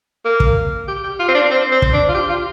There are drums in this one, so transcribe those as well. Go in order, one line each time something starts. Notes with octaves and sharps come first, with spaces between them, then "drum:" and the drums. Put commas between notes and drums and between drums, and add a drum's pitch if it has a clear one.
A#3
drum: kick
G4
G4
F4
C4
D4
C4
C4
drum: kick
D4
F4
G4
F4